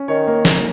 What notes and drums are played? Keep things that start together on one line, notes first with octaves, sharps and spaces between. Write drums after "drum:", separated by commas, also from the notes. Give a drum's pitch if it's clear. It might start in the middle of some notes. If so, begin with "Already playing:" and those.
Already playing: C#4
D#3 C#5
A#3
A#3, drum: snare